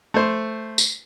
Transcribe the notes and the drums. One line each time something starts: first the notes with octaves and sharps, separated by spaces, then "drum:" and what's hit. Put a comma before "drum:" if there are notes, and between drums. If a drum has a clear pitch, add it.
A3 C5
drum: tambourine